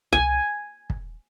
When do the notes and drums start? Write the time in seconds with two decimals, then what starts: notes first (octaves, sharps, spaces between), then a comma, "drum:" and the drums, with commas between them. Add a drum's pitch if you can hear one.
0.13 G#5, drum: tom C2
0.90 drum: kick